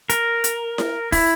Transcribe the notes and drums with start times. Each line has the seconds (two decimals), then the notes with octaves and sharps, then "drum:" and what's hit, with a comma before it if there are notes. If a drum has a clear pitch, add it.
0.10 A#4, drum: hi-hat
0.44 drum: hi-hat
0.78 drum: snare E4
1.12 E4, drum: kick, open hi-hat